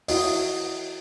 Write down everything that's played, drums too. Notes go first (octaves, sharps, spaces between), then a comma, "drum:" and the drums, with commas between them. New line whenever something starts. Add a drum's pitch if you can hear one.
E4 F#4 D#5, drum: open hi-hat